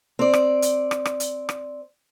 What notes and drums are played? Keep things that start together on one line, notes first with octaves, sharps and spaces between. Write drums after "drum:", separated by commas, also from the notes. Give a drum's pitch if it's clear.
C4 D5
drum: rim click
drum: hi-hat
drum: rim click
drum: rim click
drum: hi-hat
drum: rim click